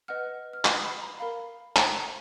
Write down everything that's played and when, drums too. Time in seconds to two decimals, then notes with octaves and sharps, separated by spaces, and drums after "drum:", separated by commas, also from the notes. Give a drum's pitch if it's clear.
0.08 B4 D#5 F#5 F6
0.53 F6
0.65 D#6, drum: clap
0.84 B5
1.02 A#5
1.20 A#4 F5 B5
1.76 A#5, drum: clap